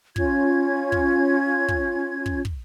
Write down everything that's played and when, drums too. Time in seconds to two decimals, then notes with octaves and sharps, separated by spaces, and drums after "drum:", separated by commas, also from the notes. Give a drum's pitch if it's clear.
0.16 C#4 F4 G#6, drum: kick
0.92 drum: kick
1.68 drum: kick
2.26 drum: kick
2.45 drum: kick